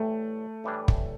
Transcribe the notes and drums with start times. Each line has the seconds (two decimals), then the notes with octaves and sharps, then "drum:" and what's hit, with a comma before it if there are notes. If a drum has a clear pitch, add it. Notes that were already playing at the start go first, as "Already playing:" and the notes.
Already playing: A2 E3 G3 A3
0.64 A2 E3 G3 D4
0.88 drum: kick